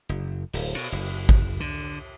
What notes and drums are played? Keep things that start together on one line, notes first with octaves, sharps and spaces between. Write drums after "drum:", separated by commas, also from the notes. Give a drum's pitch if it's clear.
F#1
D1, drum: open hi-hat
B2, drum: cymbal
F#1
drum: kick G#1
D3